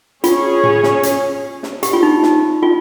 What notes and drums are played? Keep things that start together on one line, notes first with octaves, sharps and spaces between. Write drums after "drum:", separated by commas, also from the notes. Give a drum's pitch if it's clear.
C#4 F4 G#4 C#5, drum: hi-hat
drum: tom A2
drum: snare
drum: hi-hat
drum: snare
G4, drum: hi-hat
F4
D#4
drum: snare
F4